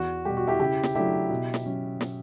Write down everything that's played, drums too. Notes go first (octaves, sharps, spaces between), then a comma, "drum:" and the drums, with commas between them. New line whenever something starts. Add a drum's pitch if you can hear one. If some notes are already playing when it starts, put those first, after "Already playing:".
Already playing: E2 F#4
B2 G3 G4
F#4
E4 G4
C#3 E4 G4
drum: snare
F#3 A3 D4 E4 G4
B2
drum: snare
F#3 C#4
drum: snare